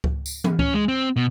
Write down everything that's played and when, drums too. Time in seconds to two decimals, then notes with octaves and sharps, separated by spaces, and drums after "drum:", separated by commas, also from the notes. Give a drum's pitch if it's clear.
0.04 drum: kick C#2
0.26 drum: tambourine
0.44 drum: tom E3
0.59 C#4, drum: kick C#2
0.74 G#3
0.88 C4
1.16 B2